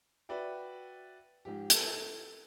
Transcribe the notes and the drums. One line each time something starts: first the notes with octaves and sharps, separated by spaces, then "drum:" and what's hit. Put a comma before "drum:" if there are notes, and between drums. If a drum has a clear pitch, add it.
F#4 B4 D5 E5 G5
G#2 F3 G4
A4, drum: hi-hat